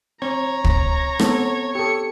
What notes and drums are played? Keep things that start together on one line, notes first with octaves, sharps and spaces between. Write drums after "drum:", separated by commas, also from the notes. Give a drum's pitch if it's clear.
C4 C#5 A#5
drum: kick
B3 C4 A4, drum: rim click
G4 A4 C#7